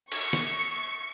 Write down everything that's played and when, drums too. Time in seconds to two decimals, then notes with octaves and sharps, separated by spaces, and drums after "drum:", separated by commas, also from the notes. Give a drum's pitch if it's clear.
0.12 C#6, drum: cymbal
0.33 drum: snare